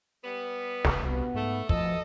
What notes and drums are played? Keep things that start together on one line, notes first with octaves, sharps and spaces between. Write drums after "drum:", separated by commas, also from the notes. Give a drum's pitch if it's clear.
G3 B3
drum: snare
C2 G2 B2 B3
G#2 A3
G#2 B2 F3 A3 A4 D#5, drum: kick